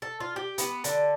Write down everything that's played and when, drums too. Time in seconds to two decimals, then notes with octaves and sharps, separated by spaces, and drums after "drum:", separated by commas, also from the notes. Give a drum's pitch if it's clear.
0.02 A4
0.20 F4
0.36 G4
0.58 B3, drum: hi-hat
0.84 D3, drum: hi-hat